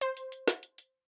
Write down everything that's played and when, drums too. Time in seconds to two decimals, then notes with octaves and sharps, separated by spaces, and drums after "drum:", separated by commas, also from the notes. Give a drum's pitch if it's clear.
0.01 C5, drum: hi-hat
0.17 drum: hi-hat
0.32 drum: hi-hat
0.48 drum: snare
0.63 drum: hi-hat
0.78 drum: hi-hat